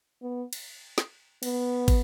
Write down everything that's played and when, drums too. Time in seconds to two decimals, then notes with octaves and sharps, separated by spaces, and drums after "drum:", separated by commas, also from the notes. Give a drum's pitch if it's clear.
0.22 B3
0.53 drum: cymbal
0.98 drum: snare
1.43 B3, drum: cymbal
1.88 drum: kick, cymbal